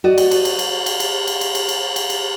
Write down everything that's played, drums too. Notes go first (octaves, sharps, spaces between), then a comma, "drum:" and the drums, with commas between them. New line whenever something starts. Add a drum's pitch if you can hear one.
F#4 D5 D#5
drum: cymbal
drum: cymbal
drum: cymbal
drum: cymbal
drum: cymbal
drum: cymbal
drum: cymbal
drum: cymbal
drum: cymbal
drum: cymbal
drum: cymbal
drum: cymbal